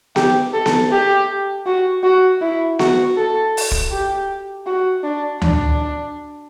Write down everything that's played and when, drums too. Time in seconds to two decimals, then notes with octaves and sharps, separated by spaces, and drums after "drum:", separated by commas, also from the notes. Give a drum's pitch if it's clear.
0.16 G4, drum: snare B3
0.53 A4
0.66 drum: snare B3
0.92 G4
1.66 F#4
2.03 F#4
2.41 E4
2.79 F#4, drum: snare B3
3.17 A4
3.57 drum: open hi-hat
3.71 drum: kick
3.92 G4
4.66 F#4
5.04 D4
5.42 D4, drum: tom D2